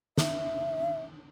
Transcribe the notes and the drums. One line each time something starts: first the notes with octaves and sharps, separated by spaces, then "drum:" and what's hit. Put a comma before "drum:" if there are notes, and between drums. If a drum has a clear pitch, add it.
E5, drum: snare